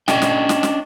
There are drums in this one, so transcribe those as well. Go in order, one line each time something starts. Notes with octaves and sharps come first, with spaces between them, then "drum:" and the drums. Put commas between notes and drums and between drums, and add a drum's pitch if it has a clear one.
C#4 D4 D#5 G5, drum: snare
drum: snare
drum: snare
drum: snare